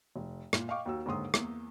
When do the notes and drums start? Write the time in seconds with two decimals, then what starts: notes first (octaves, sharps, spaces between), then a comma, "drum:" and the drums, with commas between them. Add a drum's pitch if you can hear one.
0.16 F1
0.53 A#2, drum: rim click
0.68 D#5 F5 G5 C#6 D6
0.86 D#2 F#3 E6
1.06 D#2 G#2 D3 C6 D#6
1.34 E2 A#3, drum: rim click